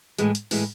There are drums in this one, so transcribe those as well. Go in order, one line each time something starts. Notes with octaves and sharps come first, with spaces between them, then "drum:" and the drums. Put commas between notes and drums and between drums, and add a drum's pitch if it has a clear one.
A2 E3 G#3, drum: hi-hat
drum: hi-hat
A2 E3 G#3, drum: open hi-hat